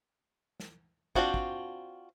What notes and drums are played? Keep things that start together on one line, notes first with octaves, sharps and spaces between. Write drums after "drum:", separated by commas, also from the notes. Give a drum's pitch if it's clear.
drum: snare
C4 D4 F4 F#4 C5, drum: kick
drum: kick